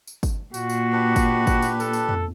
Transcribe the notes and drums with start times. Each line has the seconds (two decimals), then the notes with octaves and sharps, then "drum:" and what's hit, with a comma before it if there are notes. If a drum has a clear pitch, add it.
0.07 drum: tambourine
0.23 drum: kick, tambourine
0.54 A#2 A#3 F#4, drum: tambourine
0.69 drum: tambourine
0.92 D4 G4 B4
1.16 drum: kick, tambourine
1.47 drum: kick, tambourine
1.62 drum: tambourine
1.80 A4, drum: tambourine
1.93 drum: tambourine
2.09 drum: tom